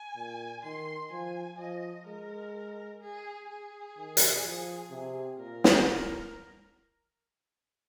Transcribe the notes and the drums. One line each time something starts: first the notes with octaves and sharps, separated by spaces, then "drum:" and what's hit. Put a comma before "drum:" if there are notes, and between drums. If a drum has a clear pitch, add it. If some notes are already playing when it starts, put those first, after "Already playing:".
Already playing: G#5
A#2
D#3 C6
F3 G#5
F3 D#5
G#3 A#4
G#4
G#4
D#3
drum: hi-hat
F3
C3
A#2 A#4
drum: snare
A#4